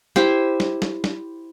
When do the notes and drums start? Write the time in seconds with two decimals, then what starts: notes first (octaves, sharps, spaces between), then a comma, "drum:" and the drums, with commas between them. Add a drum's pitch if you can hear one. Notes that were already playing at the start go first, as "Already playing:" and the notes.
0.16 E4 G4 C5, drum: snare
0.60 drum: snare
0.82 drum: snare
1.04 drum: snare